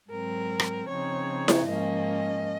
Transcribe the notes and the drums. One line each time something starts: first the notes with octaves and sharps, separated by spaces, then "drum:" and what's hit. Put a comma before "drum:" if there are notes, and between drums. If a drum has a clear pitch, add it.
G#2 F#3 C4 A#4
drum: rim click
C#3 F3 C4 D#4 C#5
drum: snare E4
G#2 F3 A#3 C#4 D#5